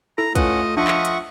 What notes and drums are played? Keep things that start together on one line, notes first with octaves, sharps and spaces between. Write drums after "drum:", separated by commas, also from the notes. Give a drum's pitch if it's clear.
E4 A4 A#5
A3 C#4 F4 B4 D#5 F#5, drum: kick, hi-hat
F3 D4 F4 D#5 E5 F#5 C#6
drum: clap
drum: hi-hat